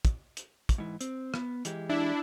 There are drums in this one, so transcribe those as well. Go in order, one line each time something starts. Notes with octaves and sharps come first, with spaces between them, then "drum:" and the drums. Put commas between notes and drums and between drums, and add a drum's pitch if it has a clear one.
drum: kick, hi-hat
drum: hi-hat
drum: kick, hi-hat
G#2 E3
C4, drum: hi-hat
B3, drum: rim click
E3 G#3 G4, drum: hi-hat
D4 E4